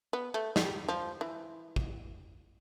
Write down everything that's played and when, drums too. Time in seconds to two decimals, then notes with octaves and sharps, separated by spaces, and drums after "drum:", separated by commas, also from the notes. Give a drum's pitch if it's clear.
0.13 B3
0.34 A3
0.56 G3, drum: snare
0.89 F3
1.21 E3
1.76 drum: kick